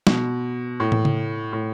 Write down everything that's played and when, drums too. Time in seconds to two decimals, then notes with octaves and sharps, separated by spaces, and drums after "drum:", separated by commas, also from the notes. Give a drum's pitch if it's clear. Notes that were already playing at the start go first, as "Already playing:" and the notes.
0.07 B2, drum: snare
0.80 A2
0.92 drum: tom
1.05 drum: tom C#3
1.53 A2